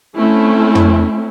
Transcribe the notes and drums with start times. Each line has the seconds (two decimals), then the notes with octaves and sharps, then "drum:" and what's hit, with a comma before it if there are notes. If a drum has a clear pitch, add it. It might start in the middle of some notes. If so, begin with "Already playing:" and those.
0.18 A3 C4 C#4 E4
0.75 drum: tom